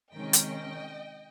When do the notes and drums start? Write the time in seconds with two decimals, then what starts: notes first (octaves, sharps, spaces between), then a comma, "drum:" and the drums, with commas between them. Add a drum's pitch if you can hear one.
0.13 C3 D#3 G#3 C#4 D#5 G5
0.33 drum: hi-hat